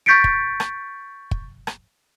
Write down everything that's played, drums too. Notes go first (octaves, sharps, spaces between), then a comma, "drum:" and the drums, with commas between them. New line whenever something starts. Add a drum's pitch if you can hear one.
C#6 G6 A6 B6 C#7 D7
drum: kick
drum: rim click
drum: kick
drum: rim click